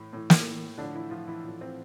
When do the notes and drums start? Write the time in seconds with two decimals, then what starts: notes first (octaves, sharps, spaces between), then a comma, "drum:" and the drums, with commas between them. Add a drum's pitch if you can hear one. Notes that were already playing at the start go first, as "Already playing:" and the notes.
Already playing: A2 E3
0.13 A2 E3
0.30 drum: snare
0.78 A2 D3 F3 D4
0.95 E3 E4
1.11 F3 F4
1.28 E3 E4
1.44 A2 F3
1.61 C4